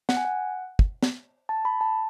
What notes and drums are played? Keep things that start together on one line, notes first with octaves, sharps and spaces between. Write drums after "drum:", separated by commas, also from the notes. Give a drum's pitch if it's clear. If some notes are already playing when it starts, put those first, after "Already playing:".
F#5, drum: snare
G#5
F#5
drum: kick
drum: snare
A5
B5
A5